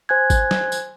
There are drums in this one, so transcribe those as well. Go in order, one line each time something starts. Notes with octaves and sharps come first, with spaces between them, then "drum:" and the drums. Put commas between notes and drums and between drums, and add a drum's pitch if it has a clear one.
C5 G#5 F#6 G#6
drum: kick G#1, tambourine
drum: snare
drum: tambourine